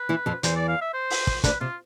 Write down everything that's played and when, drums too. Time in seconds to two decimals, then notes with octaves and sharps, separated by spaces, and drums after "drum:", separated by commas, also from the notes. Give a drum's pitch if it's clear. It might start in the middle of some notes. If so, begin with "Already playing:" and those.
Already playing: B4
0.09 E3 E4
0.26 F2 F3
0.43 E2 E3 C5, drum: hi-hat
0.56 D5
0.68 F5
0.81 E5
0.94 C5
1.10 drum: open hi-hat
1.27 drum: kick
1.44 D2 D3 B4, drum: kick, hi-hat
1.60 C3 F4